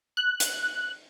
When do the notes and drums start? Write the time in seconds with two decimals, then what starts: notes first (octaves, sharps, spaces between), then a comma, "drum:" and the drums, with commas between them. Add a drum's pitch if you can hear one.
0.17 F#6
0.40 drum: hi-hat